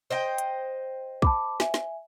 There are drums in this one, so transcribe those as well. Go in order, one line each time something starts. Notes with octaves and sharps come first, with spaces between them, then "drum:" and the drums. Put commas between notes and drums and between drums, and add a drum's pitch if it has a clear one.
C5 D#5 G5
drum: hi-hat
A5 B5 D6, drum: kick
E5 G#5, drum: snare
drum: snare